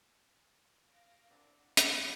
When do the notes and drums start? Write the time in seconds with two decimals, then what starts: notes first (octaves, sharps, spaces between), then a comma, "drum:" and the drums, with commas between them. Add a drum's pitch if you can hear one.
0.88 F5 A#6 D7
1.31 C4 D4 E4 A#4 F#5
1.77 F6, drum: hi-hat